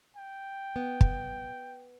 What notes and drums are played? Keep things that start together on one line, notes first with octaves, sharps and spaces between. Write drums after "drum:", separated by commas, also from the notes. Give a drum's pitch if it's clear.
G5
B3
drum: kick